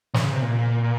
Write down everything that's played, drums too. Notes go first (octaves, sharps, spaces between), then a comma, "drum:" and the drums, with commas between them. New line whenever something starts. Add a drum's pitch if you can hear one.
E3, drum: snare
C#3
C3
A#2